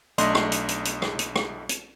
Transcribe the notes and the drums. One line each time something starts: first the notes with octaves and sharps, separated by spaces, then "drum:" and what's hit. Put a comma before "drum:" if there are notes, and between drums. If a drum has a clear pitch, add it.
B1 A3 D4 D#5 C6 A#6, drum: hi-hat
drum: rim click
drum: hi-hat
drum: hi-hat
drum: hi-hat
drum: rim click
drum: hi-hat
drum: rim click
drum: hi-hat